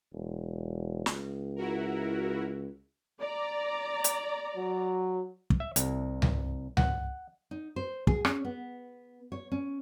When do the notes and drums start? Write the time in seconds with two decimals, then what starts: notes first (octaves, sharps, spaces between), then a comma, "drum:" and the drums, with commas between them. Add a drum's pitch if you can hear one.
0.13 E1
1.06 C#2, drum: snare
1.56 E4 F#4 A#4
3.19 D5 A#5
4.04 drum: hi-hat
4.57 F#3
5.50 drum: kick
5.60 E5
5.76 C2, drum: hi-hat
6.22 drum: tom C#2
6.77 F#5, drum: tom C#2
7.51 D#4
7.76 C5
8.07 G#4, drum: kick
8.25 C#4, drum: rim click
8.45 B3
9.32 C#5
9.52 C#4